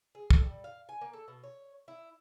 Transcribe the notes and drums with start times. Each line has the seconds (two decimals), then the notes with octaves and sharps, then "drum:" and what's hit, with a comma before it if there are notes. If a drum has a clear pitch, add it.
0.15 G#4
0.30 A4, drum: kick
0.43 G3
0.64 F5
0.89 G#5
1.01 A#3
1.13 A4
1.28 B2
1.44 C#5
1.88 E4